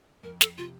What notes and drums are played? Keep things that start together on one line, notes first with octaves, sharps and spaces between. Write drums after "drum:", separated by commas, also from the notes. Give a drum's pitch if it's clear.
F2 A#4
A4, drum: snare
C3 F4